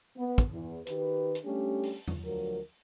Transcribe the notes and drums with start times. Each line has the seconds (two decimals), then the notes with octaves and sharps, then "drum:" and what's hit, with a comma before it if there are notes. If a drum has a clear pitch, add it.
0.17 B3
0.38 drum: kick, hi-hat
0.52 E2
0.86 D#3 G4 B4, drum: hi-hat
1.35 drum: hi-hat
1.44 G3 A3 C#4 D4 G4
1.83 drum: open hi-hat
2.08 drum: tom E2
2.25 D2 F3 F#3 A#4